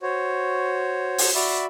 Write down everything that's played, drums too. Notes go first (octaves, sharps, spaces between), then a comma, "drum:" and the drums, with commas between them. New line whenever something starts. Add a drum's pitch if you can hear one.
F#4 C5 C#5
drum: open hi-hat
F#4 D5 E5 B5